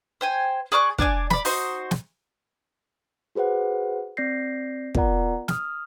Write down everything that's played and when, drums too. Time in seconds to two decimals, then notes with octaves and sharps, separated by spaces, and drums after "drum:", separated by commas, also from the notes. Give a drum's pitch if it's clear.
0.21 C5 G5 G#5
0.72 G#4 D5 C#6 F#6
0.98 D4 D5 G#5 D6, drum: kick
1.30 D5 B5, drum: snare
1.45 D#4 F#4 C5 C6, drum: open hi-hat
1.91 drum: snare
3.35 F#4 G#4 B4 C5 F#5
4.17 C4 D5 G6 A#6 C7
4.95 B3 F4 A#4 D5 F#5 A#5, drum: kick
5.48 D#6 F6, drum: snare